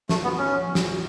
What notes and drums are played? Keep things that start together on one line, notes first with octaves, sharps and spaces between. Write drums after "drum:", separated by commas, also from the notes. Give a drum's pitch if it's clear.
A3, drum: snare
B3
C#4
drum: snare